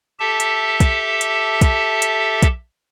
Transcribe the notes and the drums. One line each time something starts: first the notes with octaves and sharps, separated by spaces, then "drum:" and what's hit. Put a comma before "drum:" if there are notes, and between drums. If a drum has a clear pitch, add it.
G4 A4 E5 A5
drum: hi-hat
drum: kick, hi-hat
drum: hi-hat
drum: kick, hi-hat
drum: hi-hat
drum: kick, hi-hat